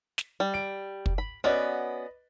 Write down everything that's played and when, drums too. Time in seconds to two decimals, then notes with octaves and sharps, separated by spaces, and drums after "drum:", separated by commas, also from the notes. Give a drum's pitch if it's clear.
0.18 drum: snare
0.40 G3
0.54 D7
1.06 drum: kick
1.18 B5
1.44 B3 C#4 F#4 B4 D5 D#5